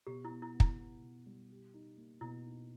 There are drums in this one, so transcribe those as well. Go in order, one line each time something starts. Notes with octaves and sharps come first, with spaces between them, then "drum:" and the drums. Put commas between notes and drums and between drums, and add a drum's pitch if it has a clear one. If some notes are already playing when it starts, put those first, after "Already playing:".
B2 G4
E4
B3
E4
B3
E4, drum: kick
B3
B2
G3
G4
D#4
A#3
B2 E4
D#4